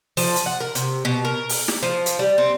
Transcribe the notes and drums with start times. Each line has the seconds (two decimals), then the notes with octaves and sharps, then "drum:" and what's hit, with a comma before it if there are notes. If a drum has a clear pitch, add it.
0.17 F3, drum: open hi-hat
0.36 drum: hi-hat
0.46 F#5
0.60 A#4
0.75 C3, drum: hi-hat
1.05 B2
1.25 A#4
1.49 drum: open hi-hat
1.68 drum: snare
1.83 F3
2.06 drum: hi-hat
2.19 G3
2.38 C4